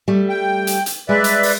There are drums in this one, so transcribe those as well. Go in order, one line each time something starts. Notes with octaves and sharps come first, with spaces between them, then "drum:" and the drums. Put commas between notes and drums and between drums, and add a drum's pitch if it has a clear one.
G3 A3
G5
drum: hi-hat
drum: hi-hat
G#3 B4 D5 E5
drum: hi-hat
drum: open hi-hat